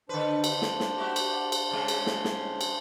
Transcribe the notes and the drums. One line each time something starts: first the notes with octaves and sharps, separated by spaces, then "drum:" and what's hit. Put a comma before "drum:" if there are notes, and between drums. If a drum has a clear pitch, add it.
D3 D4 B4 C5
drum: cymbal
drum: snare
drum: snare
F#4 G4 E5
drum: cymbal
drum: cymbal
C#3 G#3
drum: cymbal
drum: snare
drum: snare
drum: cymbal